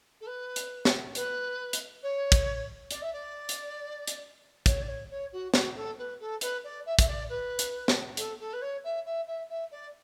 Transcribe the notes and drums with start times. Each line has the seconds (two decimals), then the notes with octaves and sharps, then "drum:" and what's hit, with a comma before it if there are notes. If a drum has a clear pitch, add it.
0.20 A4
0.26 B4
0.56 drum: hi-hat
0.85 drum: snare
1.15 B4, drum: hi-hat
1.73 drum: hi-hat
2.02 C#5
2.32 drum: kick, hi-hat
2.91 D5, drum: hi-hat
3.02 E5
3.12 D5
3.49 drum: hi-hat
4.07 drum: hi-hat
4.66 C#5, drum: kick, hi-hat
4.81 D5
4.88 C#5
5.10 C#5
5.32 F#4
5.54 F#4, drum: snare
5.75 A4
5.98 B4
6.20 A4
6.41 B4, drum: hi-hat
6.64 D5
6.86 E5
6.99 E5, drum: kick, hi-hat
7.07 D5
7.29 B4
7.59 drum: hi-hat
7.88 drum: snare
8.17 A4, drum: hi-hat
8.40 A4
8.53 B4
8.61 C#5
8.84 E5
9.05 E5
9.27 E5
9.49 E5
9.71 D5